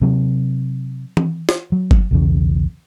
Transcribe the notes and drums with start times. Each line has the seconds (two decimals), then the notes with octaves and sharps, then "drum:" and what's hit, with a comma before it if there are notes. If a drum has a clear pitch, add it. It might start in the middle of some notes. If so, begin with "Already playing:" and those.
0.02 C3 F#3
1.17 drum: tom E3
1.49 drum: snare
1.72 F#3
1.91 drum: kick G1
2.11 B1 E2 C#3